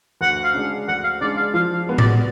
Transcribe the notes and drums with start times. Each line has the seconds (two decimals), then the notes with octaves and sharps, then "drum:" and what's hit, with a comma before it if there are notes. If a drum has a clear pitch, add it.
0.21 D2 F#5
0.44 F5
0.54 C#3 G#3 D4 G#4
0.88 D2 F#5
1.04 F5
1.21 C#3 G#3 D4 G#4 D5
1.37 F5
1.54 F3 F5
1.87 G#3 B3 F#4
1.98 D5, drum: tom A2